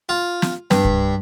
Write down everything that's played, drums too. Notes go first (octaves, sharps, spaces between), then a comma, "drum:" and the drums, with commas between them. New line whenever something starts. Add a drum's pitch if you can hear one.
F4
drum: snare
G2, drum: snare
drum: kick C2